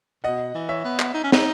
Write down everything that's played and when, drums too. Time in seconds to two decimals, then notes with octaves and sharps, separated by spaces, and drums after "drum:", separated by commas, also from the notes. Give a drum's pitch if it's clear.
0.24 B2 D#5 F#5
0.54 E3
0.69 C#5 E5
0.84 B3
0.99 drum: clap
1.14 D#4
1.24 C#4
1.32 D#4, drum: snare